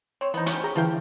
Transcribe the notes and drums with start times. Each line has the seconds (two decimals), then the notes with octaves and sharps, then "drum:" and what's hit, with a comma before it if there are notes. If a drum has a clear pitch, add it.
0.21 C4 C#5
0.34 E3 B3 D#4 C5
0.46 C#4 F#4 G4, drum: hi-hat
0.64 G#4 A#5
0.76 D3 E3 F3 F5 G5